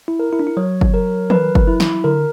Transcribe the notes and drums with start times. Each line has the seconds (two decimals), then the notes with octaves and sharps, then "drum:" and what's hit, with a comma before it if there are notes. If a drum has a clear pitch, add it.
0.08 E4
0.19 A#4
0.33 E4
0.39 D4
0.47 E4
0.57 F#3 C#5
0.81 drum: kick
0.94 A#4
1.30 B4, drum: tom
1.55 drum: kick
1.67 E4
1.80 drum: snare
2.04 D3 A#4